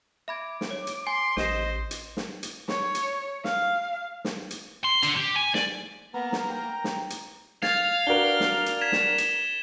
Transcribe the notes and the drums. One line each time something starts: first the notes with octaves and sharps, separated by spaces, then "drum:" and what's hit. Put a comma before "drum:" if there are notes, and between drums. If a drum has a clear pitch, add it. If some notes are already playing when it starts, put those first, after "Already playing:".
E5 B5 D6 G#6
drum: snare
C#5
drum: hi-hat
G#5 C6
A1 G4 C5 D#5 E7, drum: snare
drum: hi-hat
drum: snare
drum: hi-hat
C#5, drum: snare
drum: hi-hat
F5, drum: snare
drum: snare
drum: hi-hat
C6
D3, drum: hi-hat
G4
G#5
D5, drum: snare
A#3 B3 A#5
drum: snare
G5
drum: snare
drum: hi-hat
F5 G#6 A6 F7, drum: snare
D4 F#4 A#4 G7
drum: snare
drum: hi-hat
G#6 B6 E7
drum: snare
drum: hi-hat